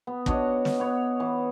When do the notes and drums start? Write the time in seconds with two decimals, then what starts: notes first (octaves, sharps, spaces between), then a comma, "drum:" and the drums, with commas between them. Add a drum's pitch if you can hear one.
0.07 B3
0.26 D4 F#4 C#5 D#5, drum: kick
0.65 drum: snare
0.80 B3 C#5
1.20 E3